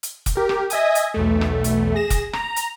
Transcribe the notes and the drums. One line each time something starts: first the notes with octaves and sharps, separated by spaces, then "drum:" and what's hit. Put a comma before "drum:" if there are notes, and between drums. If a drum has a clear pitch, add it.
drum: hi-hat
drum: kick, hi-hat
G4 A#4
drum: rim click
D#5 E5 G#5 D#6, drum: hi-hat
drum: hi-hat
B1 E2 A3
drum: rim click
drum: hi-hat
G#4 A#6 E7
drum: kick, hi-hat
A#5, drum: rim click
drum: hi-hat